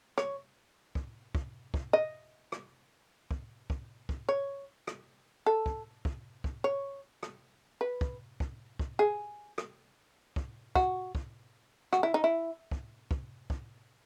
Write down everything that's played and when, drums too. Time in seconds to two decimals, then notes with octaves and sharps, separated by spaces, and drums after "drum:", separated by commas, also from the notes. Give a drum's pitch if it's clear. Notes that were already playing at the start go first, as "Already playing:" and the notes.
0.18 C#5, drum: rim click
0.95 drum: kick
1.35 drum: kick
1.74 drum: kick
1.93 D#5
2.52 drum: rim click
3.31 drum: kick
3.70 drum: kick
4.09 drum: kick
4.29 C#5
4.87 drum: rim click
5.46 A4
5.66 drum: kick
6.05 drum: kick
6.44 drum: kick
6.64 C#5
7.23 drum: rim click
7.81 B4
8.01 drum: kick
8.40 drum: kick
8.79 drum: kick
8.99 G#4
9.58 drum: rim click
10.36 drum: kick
10.75 F#4, drum: kick
11.15 drum: kick
11.93 F#4, drum: rim click
12.03 E4
12.14 D#4
12.24 E4
12.71 drum: kick
13.11 drum: kick
13.50 drum: kick